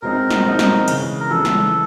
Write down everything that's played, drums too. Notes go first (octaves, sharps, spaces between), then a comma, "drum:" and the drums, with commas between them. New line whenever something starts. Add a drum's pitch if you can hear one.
B2 G#3 C4 D#4 A#4
drum: snare
B2 G#3 C4 D#4
drum: snare
C#3 E3 G#3, drum: cymbal
A#4
C#3 E3 G#3 A4
drum: snare